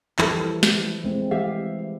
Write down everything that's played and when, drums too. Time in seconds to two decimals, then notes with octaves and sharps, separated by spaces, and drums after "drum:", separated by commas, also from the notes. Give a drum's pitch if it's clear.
0.19 E3 F3 G3 E4 A4, drum: clap
0.63 drum: snare
1.04 G#3 A3 C4
1.31 E3 G4 E5 F5